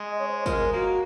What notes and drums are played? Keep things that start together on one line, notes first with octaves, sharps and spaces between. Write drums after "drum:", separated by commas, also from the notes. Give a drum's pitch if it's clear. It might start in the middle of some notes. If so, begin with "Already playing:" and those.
Already playing: G#3
D#5
C#5
C5
F3 G#3 A#4, drum: kick, tambourine
F#3 A#3 F#4